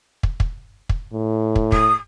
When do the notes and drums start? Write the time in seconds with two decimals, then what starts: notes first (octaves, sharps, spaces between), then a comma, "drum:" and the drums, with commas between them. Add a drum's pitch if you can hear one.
0.23 drum: kick
0.40 drum: kick
0.89 drum: kick
1.13 A2
1.56 drum: kick
1.72 D#6, drum: kick